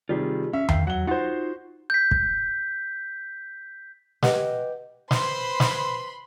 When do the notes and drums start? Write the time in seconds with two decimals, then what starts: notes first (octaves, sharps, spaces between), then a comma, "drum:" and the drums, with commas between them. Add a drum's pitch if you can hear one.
0.09 C3 D#3 G3 F4 G4 G#4
0.53 C#4 E5
0.69 D#3 F5 G5, drum: tom E2
0.87 F#3 F#5 G7
1.07 D#4 F4 F#4 C5
1.90 G6 B6
2.11 drum: kick
4.22 G4 B4 D#5 F#5, drum: snare
5.11 B4 C5 B5 C6, drum: snare
5.60 drum: snare